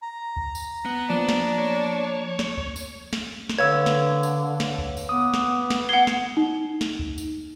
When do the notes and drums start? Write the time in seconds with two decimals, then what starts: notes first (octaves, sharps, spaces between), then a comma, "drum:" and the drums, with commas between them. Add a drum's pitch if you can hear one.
0.02 A#5
0.36 drum: kick D2
0.55 drum: tambourine
0.85 B3
1.10 F3 A#3 D4
1.29 drum: snare
1.59 C#5
2.39 drum: snare
2.57 drum: kick D2
2.76 drum: tambourine
3.13 drum: snare
3.49 drum: snare
3.58 D3 B4 C#5 F5 E6 G#6
3.86 drum: snare
4.23 drum: tambourine
4.60 drum: snare
4.78 drum: kick D2
4.97 drum: tambourine
5.09 B3 D6 D#6
5.34 drum: snare
5.70 drum: snare
5.89 F#5 G#6 C7 G7
6.07 drum: snare
6.37 D#4
6.81 drum: snare
6.99 drum: kick D2
7.18 drum: tambourine